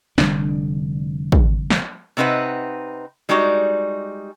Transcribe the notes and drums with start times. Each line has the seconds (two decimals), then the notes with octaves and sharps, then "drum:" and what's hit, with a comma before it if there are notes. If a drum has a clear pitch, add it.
0.18 F1 D3 G3 D4, drum: snare
1.32 drum: kick
1.70 drum: snare
2.17 C3 C4 D#4 B4 F#5
3.29 G3 G#3 D#4 F#4 D5